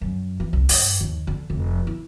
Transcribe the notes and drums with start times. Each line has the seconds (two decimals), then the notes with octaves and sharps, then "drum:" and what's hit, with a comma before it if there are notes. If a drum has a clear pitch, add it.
0.01 F#2
0.40 E3
0.53 C2
0.69 G2, drum: open hi-hat
1.01 D#2
1.27 D3
1.50 F1
1.87 E4